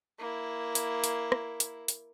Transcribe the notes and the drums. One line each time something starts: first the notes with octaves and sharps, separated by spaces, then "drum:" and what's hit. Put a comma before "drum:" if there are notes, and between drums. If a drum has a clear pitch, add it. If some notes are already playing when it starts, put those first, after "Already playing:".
A#3 E4
drum: hi-hat
drum: hi-hat
drum: rim click
drum: hi-hat
drum: hi-hat